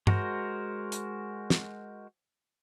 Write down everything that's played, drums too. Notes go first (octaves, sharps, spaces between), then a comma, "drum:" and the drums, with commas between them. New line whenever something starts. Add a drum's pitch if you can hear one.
G#3 F#4 A#4 C5, drum: tom
drum: hi-hat
drum: snare